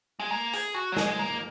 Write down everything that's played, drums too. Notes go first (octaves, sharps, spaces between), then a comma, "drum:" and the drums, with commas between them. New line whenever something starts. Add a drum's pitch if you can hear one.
G#3
A#3
G#4, drum: hi-hat
F#4
F#3
G#3, drum: snare
G#3
A#3